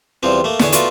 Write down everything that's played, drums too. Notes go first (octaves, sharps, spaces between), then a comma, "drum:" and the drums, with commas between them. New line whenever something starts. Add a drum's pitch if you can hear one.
E2 F3 G3 C4
A3 A#3
E2 D3 B3 G#4 C#5, drum: snare
A3 B3 F4 F#4 B4 D5, drum: hi-hat